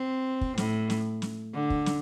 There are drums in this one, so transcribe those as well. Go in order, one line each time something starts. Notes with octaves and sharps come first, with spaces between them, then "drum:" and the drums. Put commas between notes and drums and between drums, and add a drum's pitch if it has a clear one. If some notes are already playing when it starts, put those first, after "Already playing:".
Already playing: C4
drum: kick
A2, drum: snare
drum: snare
drum: snare
D3
drum: kick
drum: snare